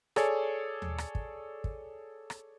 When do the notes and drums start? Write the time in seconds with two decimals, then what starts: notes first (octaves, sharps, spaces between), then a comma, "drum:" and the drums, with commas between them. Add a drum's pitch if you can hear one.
0.16 G#4 A4 C#5 D5 G#5, drum: rim click
0.82 drum: tom D#2
0.98 drum: rim click
1.15 drum: kick
1.64 drum: kick
2.30 drum: rim click